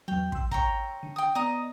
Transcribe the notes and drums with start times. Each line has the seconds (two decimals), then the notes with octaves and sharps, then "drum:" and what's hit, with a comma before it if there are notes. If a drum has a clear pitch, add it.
0.08 E2 F#3 G5
0.32 C6 E6, drum: kick
0.51 C#5 G5 A#5, drum: kick
1.03 D3
1.16 G5 D#6
1.35 B3 D5 D#5 A#5 D#6